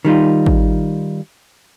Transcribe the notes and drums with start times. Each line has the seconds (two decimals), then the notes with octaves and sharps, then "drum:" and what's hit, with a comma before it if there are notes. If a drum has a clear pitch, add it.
0.05 D#3 G3 D#4 F4
0.46 drum: kick G#1